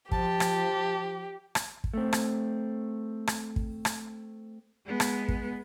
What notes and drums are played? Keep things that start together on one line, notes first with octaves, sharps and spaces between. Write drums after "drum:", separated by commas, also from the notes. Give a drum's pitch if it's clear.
F3 G4 A5, drum: kick
drum: rim click
drum: rim click
drum: kick
A3 C4
drum: rim click
drum: rim click
drum: kick
drum: rim click
G#3 B3
drum: rim click
drum: kick